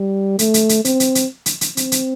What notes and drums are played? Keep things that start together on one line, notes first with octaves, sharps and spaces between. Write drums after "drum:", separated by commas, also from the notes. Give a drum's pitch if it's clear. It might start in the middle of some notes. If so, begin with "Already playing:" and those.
Already playing: G3
A3, drum: hi-hat
drum: hi-hat
drum: hi-hat
C4, drum: hi-hat
drum: hi-hat
drum: hi-hat
drum: hi-hat
drum: hi-hat
C4, drum: hi-hat
drum: hi-hat